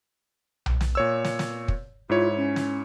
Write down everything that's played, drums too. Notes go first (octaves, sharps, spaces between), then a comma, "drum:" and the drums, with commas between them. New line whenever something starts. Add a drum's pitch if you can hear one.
drum: tom B1
drum: snare
A#2 C#5 E6
drum: snare
drum: snare
drum: kick
G#2 E4 F4 C#5
C#4
drum: snare